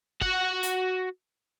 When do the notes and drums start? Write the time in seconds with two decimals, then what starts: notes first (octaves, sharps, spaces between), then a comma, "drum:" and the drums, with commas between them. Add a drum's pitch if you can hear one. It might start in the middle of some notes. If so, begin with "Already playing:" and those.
0.21 F#4 F#5, drum: kick
0.63 drum: hi-hat